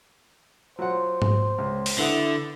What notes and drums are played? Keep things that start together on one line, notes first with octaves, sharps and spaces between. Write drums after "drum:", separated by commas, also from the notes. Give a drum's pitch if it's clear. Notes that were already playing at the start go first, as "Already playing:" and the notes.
F#3 F4 C5 F#5
drum: tom G#2
C#2
drum: open hi-hat
D3 B3 E4 F#5 D#6